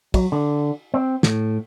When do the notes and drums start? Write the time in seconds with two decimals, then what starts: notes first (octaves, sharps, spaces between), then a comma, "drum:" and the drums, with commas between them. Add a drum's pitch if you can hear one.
0.14 F#3, drum: kick, cymbal
0.32 D3
0.94 C4
1.23 A2, drum: snare